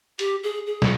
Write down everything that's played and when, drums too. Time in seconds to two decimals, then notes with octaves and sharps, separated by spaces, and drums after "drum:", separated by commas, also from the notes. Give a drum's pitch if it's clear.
0.19 G4, drum: hi-hat
0.43 G#4
0.67 G#4
0.82 drum: snare